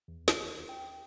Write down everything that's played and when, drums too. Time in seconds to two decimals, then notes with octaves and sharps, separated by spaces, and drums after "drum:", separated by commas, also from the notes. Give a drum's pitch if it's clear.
0.08 E2
0.28 D#2, drum: snare
0.69 G5